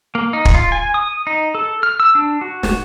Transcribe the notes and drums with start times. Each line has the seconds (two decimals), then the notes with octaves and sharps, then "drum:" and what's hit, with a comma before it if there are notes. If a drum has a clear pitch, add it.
0.15 A#3
0.33 D#4
0.45 drum: kick
0.54 F4
0.72 G#5
0.94 D#6
1.27 D#4
1.55 A4
1.83 F6
2.00 E6
2.15 D4
2.41 F#4
2.63 drum: snare